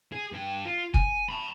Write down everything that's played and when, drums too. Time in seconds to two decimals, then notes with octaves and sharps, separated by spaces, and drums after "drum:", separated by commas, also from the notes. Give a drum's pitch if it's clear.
0.13 G#4
0.32 G2 G5
0.65 F4
0.94 G#5, drum: kick
1.29 A5 B5